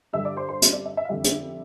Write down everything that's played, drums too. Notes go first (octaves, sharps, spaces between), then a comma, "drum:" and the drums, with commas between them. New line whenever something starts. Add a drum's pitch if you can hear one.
G2 D3 G3 E5 E6
D5 D6
C5 C6
C5 C6
E5, drum: hi-hat
D5
E5
E5
F5
F2 D3 G3 E5
drum: hi-hat